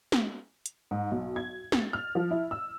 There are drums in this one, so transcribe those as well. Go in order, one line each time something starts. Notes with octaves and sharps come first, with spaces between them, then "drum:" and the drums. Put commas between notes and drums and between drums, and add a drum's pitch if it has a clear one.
drum: snare
drum: hi-hat
G#2
B1
G#6
A6, drum: snare
F6
F3
E4
E6